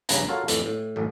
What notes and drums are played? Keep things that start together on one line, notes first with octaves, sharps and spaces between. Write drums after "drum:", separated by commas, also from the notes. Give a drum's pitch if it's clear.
A#1 G2 C#3 B4 G#5 A#5, drum: hi-hat
F4 F#4 A4 A#4 C#5 F5
F2 A2 E3, drum: hi-hat
A2
A1 F#2 A2